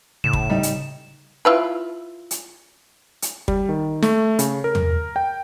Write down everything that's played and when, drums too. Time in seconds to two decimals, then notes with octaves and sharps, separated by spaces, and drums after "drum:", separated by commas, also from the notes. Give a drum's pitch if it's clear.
0.24 A2 C#3 E7
0.33 drum: kick
0.50 G3 D#4
0.63 drum: hi-hat
1.45 E4 F4 B4
2.31 drum: hi-hat
3.22 drum: hi-hat
3.48 G3, drum: kick
3.69 D#3
4.02 A3, drum: snare
4.39 C#3, drum: hi-hat
4.64 A#4
4.75 drum: tom
5.16 G5